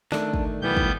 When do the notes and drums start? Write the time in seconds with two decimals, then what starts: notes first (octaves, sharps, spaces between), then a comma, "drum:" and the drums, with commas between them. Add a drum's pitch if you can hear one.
0.12 D#3 A3 D4, drum: snare
0.33 drum: kick
0.62 B1 E3 G3 B3 G6
0.77 drum: kick